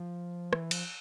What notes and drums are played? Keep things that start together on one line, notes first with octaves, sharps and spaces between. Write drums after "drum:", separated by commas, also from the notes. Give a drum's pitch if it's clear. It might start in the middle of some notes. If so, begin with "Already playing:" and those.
Already playing: F3
E3, drum: rim click
F3, drum: cymbal